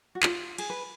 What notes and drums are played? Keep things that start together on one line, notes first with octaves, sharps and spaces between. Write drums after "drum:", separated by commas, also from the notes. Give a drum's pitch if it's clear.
F#4
F4, drum: clap
G#4, drum: cymbal
B4